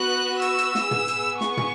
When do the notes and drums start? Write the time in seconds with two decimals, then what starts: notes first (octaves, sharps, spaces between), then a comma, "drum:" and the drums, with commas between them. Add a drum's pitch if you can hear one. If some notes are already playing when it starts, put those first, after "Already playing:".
Already playing: B3 F#4 F#6
0.42 E6, drum: hi-hat
0.58 drum: hi-hat
0.75 drum: snare
0.91 B3 G#4, drum: tom
1.08 drum: hi-hat
1.41 C#6, drum: snare
1.57 drum: tom